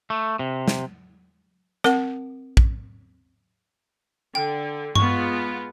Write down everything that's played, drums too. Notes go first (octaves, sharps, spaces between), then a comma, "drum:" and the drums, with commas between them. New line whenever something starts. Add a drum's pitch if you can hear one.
A3
C3
drum: snare
C4 A#4 F#5, drum: rim click
drum: kick A#1
D3 G5
G#3 B3 F4 C#6, drum: tom G2